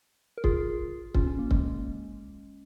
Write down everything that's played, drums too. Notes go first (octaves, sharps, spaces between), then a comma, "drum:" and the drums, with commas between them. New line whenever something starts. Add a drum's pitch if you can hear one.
A#4
F4 G#4, drum: kick C#1
C#4 F4, drum: kick C#1
C#4
A#3
G#3, drum: kick C#1